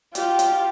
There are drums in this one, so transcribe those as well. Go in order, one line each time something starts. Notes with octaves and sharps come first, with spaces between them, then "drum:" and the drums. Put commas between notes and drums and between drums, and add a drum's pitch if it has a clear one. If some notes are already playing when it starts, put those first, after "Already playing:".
F4 G4, drum: hi-hat
drum: hi-hat